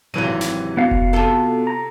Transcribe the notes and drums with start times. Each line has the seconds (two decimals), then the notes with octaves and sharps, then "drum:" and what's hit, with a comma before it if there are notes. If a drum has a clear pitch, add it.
0.14 G#1 C3 E3 F#3 D#7
0.41 drum: snare
0.77 B3 F#4 F5
0.91 drum: kick F1
1.13 C3 F4 A4
1.67 A#5